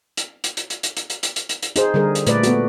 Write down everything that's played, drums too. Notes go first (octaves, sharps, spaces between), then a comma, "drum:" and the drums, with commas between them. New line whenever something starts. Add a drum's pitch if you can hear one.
drum: hi-hat
drum: hi-hat
drum: hi-hat
drum: hi-hat
drum: hi-hat
drum: hi-hat
drum: hi-hat
drum: hi-hat
drum: hi-hat
drum: hi-hat
drum: hi-hat
D#4 G#4 C5, drum: hi-hat
D3 G3 G#4 A#4
drum: hi-hat
A#2 A3 B4 D5, drum: hi-hat
B3 F#4, drum: hi-hat